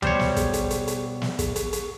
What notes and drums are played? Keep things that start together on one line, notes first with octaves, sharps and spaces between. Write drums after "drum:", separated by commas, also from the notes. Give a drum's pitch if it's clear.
B2 G3 C5 C#5, drum: tom D2
drum: snare
drum: kick, hi-hat
drum: hi-hat
drum: hi-hat
drum: hi-hat
drum: snare
drum: kick, hi-hat
drum: hi-hat
drum: hi-hat